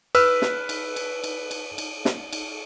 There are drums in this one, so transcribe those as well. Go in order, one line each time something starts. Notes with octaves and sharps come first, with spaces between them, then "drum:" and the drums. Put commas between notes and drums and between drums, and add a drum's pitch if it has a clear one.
B4 E6 F6, drum: cymbal
drum: snare
drum: cymbal
drum: cymbal
drum: cymbal
drum: cymbal
drum: cymbal
drum: snare
drum: cymbal